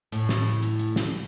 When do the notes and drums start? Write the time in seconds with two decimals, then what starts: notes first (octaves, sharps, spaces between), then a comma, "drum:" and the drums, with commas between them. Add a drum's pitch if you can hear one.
0.12 A2, drum: hi-hat
0.29 drum: snare
0.46 drum: hi-hat
0.63 drum: hi-hat
0.79 drum: hi-hat
0.96 drum: snare